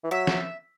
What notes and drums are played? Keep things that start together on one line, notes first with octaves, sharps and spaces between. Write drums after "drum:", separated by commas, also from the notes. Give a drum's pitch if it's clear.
E3
F#3 E5
drum: snare